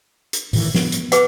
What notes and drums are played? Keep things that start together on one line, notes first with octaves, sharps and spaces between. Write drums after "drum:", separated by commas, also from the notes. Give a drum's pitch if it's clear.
drum: hi-hat
A2 D#3 E3, drum: open hi-hat
B3, drum: snare
drum: hi-hat
G#4 B4 F#5, drum: hi-hat